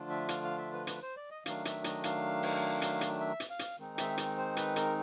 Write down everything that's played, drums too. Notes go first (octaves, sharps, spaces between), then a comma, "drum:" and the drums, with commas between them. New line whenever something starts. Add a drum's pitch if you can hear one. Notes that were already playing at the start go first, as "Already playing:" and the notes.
Already playing: D3 F3 A3 D4 F4
E5
F5, drum: hi-hat
F5
E5
B4
B4, drum: hi-hat
C5
D5
D#5
D#3 F#3 A3 D4 F5, drum: hi-hat
E5, drum: hi-hat
D#5, drum: hi-hat
F5, drum: hi-hat
drum: open hi-hat
drum: hi-hat
drum: hi-hat
E5
drum: hi-hat
F5
drum: hi-hat
D#3 G#3 C4 D#4
E5, drum: hi-hat
drum: hi-hat
C5
B4, drum: hi-hat
A#4, drum: hi-hat